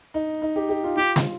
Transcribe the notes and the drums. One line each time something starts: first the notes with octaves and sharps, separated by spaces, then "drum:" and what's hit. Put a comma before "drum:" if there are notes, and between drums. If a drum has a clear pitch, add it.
D#4
D#4
G4
G4
F4
F4 G4
drum: snare